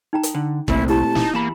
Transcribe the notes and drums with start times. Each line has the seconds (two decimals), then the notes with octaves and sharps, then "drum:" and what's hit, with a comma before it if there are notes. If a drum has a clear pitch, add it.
0.13 D#4 G5 A#5
0.23 drum: hi-hat
0.35 D3
0.68 C2 A#2 A3 C4 E4, drum: kick
0.89 E4 G4 A5 A#5
1.15 D#4, drum: snare
1.34 E2 A#3 A5 B5